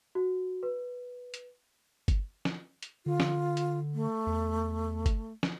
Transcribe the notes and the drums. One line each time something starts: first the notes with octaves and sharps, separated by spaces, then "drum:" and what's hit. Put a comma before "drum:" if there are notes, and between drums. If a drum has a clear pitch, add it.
F#4
B4
drum: hi-hat
drum: kick G1, hi-hat
drum: snare
drum: hi-hat
D3 F4
drum: snare
drum: hi-hat
A3
E2
drum: kick G1, hi-hat
drum: snare